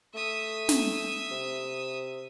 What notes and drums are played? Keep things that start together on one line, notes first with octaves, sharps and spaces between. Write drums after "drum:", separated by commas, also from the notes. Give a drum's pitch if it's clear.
A3 E5 D#6
drum: snare
C3